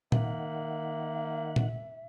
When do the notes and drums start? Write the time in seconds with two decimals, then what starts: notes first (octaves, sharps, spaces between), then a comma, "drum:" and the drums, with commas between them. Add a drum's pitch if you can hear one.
0.12 D#3 A#3 E5 F#5, drum: tom A#2
1.56 drum: tom A#2